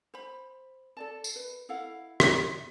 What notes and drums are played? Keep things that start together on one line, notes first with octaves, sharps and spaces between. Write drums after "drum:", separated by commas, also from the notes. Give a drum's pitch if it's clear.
C5 B5
A4 D5 A5
drum: tambourine
B4
E4 A4 F5 F#5
drum: rim click